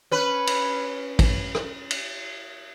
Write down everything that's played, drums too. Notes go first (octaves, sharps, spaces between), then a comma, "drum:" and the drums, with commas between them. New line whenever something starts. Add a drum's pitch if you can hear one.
C#4 B4
drum: cymbal
drum: kick, cymbal
drum: rim click
drum: cymbal